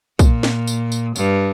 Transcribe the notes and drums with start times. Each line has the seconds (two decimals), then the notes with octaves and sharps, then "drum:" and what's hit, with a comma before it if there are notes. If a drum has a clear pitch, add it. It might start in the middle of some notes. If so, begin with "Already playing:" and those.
0.19 A#2, drum: kick, tambourine
0.43 drum: snare
0.67 drum: tambourine
0.92 drum: tambourine
1.16 G2, drum: tambourine